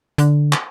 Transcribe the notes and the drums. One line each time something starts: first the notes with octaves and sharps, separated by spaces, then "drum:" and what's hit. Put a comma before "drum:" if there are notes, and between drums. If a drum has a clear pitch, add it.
D3, drum: hi-hat
drum: clap